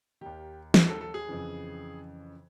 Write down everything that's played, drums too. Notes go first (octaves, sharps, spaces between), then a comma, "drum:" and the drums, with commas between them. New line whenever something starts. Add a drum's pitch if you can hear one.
D#2 D#3 G4
G#4, drum: snare
A4
A4
G#4
F2 C#3 E3